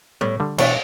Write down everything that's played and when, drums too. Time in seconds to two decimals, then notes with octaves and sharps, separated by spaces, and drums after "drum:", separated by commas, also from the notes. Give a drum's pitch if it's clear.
0.21 A2 G3 B3
0.40 D3 G3
0.58 B2 E3 A3 D4, drum: cymbal